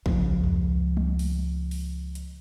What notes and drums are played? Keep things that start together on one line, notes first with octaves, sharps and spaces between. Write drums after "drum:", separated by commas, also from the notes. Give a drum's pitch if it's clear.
C#2 F3, drum: kick
drum: tom E2
drum: tom
drum: open hi-hat
drum: open hi-hat
drum: hi-hat